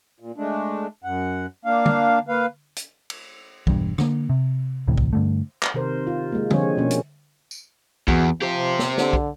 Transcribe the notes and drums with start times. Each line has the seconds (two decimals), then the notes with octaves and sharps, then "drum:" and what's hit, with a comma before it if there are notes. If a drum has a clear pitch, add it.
0.20 A#2
0.37 G#3 A3 D4
1.04 F#2 F#5
1.65 A#3 D4 F5
1.86 drum: tom D3
2.29 A#3 B4 F5
2.76 drum: hi-hat
3.10 drum: cymbal
3.67 E1 E2 G2 G3, drum: kick B1
3.98 D3 A#3, drum: rim click
4.30 C3
4.88 D2 A2 C3 E3
4.98 drum: kick B1
5.13 G2 D3 A3
5.62 drum: clap
5.74 C3 D#3 A#4 C5
6.07 F4
6.32 G#3 A#3
6.50 D3 F3 C4 G#4 C#5, drum: tom D3
6.77 B2 A#3 C#4
6.91 drum: hi-hat
7.51 drum: tambourine
8.08 E2 F#4, drum: kick B1
8.42 F3 G4 C5
8.79 drum: snare
8.98 D3, drum: snare
9.13 drum: kick B1